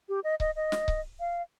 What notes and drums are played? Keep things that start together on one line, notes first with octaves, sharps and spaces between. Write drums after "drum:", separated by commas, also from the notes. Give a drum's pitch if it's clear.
G4
D#5
D#5, drum: kick C#1
D#5
drum: snare
drum: kick C#1
F5